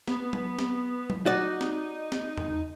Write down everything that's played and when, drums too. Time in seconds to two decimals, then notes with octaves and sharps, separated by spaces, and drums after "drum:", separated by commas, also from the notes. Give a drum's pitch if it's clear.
0.08 B3, drum: snare
0.33 drum: tom F#3
0.59 drum: snare
1.10 drum: tom F#3
1.26 D#4 F#4 D5
1.61 drum: snare
2.12 drum: snare
2.37 drum: tom E2